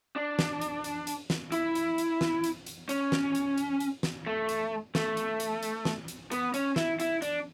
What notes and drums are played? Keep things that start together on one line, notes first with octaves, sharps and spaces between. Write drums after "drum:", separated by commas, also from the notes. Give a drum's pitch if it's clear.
D4
drum: snare
drum: hi-hat
drum: hi-hat
drum: hi-hat
drum: snare
E4, drum: hi-hat
drum: hi-hat
drum: hi-hat
drum: snare
drum: hi-hat
drum: hi-hat
C#4, drum: hi-hat
drum: snare
drum: hi-hat
drum: hi-hat
drum: hi-hat
drum: snare
A3
drum: hi-hat
A3, drum: snare
drum: hi-hat
drum: hi-hat
drum: hi-hat
drum: snare
drum: hi-hat
B3, drum: hi-hat
C#4, drum: hi-hat
E4, drum: snare
E4, drum: hi-hat
D4, drum: hi-hat